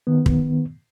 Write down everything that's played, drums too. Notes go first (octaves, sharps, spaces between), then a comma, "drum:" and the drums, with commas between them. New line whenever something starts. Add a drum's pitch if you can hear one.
D#3 B3
drum: kick